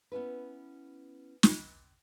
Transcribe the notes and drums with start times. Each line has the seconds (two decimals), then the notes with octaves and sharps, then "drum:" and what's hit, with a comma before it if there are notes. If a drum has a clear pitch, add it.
0.12 B3 C#4 E4 B4
1.43 drum: snare